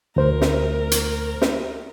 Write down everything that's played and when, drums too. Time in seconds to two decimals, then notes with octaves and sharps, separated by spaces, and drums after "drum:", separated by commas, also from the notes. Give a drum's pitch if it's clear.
0.16 D2 A#4 C5
0.41 drum: snare
0.91 drum: hi-hat
1.42 drum: snare